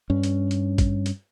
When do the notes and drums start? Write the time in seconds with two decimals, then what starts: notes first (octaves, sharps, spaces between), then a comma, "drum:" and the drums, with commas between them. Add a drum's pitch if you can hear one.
0.10 G2 C#4
0.23 drum: hi-hat
0.51 drum: hi-hat
0.78 drum: kick G#1, hi-hat
1.06 drum: hi-hat